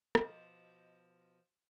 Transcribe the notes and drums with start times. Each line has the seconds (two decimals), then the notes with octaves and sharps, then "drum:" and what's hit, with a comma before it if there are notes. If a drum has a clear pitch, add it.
0.15 B2 F3, drum: rim click